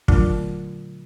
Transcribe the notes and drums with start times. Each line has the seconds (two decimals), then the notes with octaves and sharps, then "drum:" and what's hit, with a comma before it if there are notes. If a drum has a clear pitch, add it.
0.08 A#2 D3 F#3 A3 D4 F4, drum: kick